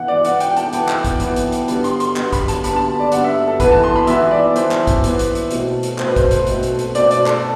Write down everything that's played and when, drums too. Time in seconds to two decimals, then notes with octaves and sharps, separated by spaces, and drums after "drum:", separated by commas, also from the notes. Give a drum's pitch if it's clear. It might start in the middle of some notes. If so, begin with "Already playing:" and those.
Already playing: E3 B3 F#5
0.08 D5
0.25 E3 B3 F#5, drum: hi-hat
0.40 G5, drum: hi-hat
0.51 G5
0.57 A5, drum: hi-hat
0.73 E3 B3, drum: hi-hat
0.89 drum: clap
1.04 drum: kick, hi-hat
1.20 E3 B3, drum: hi-hat
1.36 drum: hi-hat
1.52 drum: hi-hat
1.68 D3 G3 B3, drum: hi-hat
1.84 C6, drum: hi-hat
2.00 C6, drum: hi-hat
2.16 D3 G3 B3, drum: clap
2.33 B5, drum: kick, hi-hat
2.48 A5, drum: hi-hat
2.64 D3 G3 B3 B5, drum: hi-hat
2.76 A5
3.00 D5
3.12 D3 G3 B3 F#5, drum: hi-hat
3.24 E5
3.48 A4
3.60 E3 B3 B4, drum: kick, hi-hat
3.71 A5
3.84 C6
3.96 B5
4.07 E3 B3 E5, drum: hi-hat
4.31 D5
4.56 E3 B3 C5, drum: hi-hat
4.71 drum: clap
4.87 drum: kick, hi-hat
5.04 E3 B3, drum: hi-hat
5.19 drum: hi-hat
5.35 drum: hi-hat
5.51 B2 A3 C4, drum: hi-hat
5.83 drum: hi-hat
5.98 B2 A3 C4 C5, drum: clap
6.07 B4
6.16 C5, drum: kick, hi-hat
6.31 drum: hi-hat
6.47 B2 A3 C4, drum: hi-hat
6.63 drum: hi-hat
6.79 drum: hi-hat
6.95 B2 A3 C4 D5, drum: hi-hat
7.11 D5, drum: hi-hat
7.26 A4, drum: clap